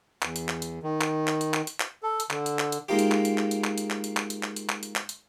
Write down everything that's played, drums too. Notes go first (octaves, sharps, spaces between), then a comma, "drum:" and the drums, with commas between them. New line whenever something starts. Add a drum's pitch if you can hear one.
E2, drum: clap
drum: hi-hat
drum: clap
drum: hi-hat
D#3
drum: clap
drum: clap
drum: hi-hat
drum: clap
drum: hi-hat
drum: clap
A4
drum: hi-hat
D3, drum: clap
drum: hi-hat
drum: clap
drum: hi-hat
G#3 A#3 D#4 F4 G4
drum: hi-hat
drum: clap
drum: hi-hat
drum: clap
drum: hi-hat
drum: clap
drum: hi-hat
drum: clap
drum: hi-hat
drum: clap
drum: hi-hat
drum: clap
drum: hi-hat
drum: clap
drum: hi-hat
drum: clap
drum: hi-hat